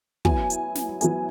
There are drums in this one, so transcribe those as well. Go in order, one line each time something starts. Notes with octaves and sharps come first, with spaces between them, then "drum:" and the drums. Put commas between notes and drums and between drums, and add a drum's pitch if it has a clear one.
F#3 B3 E4 G#5, drum: kick
drum: hi-hat
drum: snare
F#3 B3 E4 G#5, drum: hi-hat